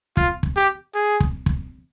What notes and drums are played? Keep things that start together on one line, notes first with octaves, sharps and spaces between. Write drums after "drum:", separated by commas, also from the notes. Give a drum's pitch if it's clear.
F4, drum: kick
drum: kick
G4
G#4
drum: kick
drum: kick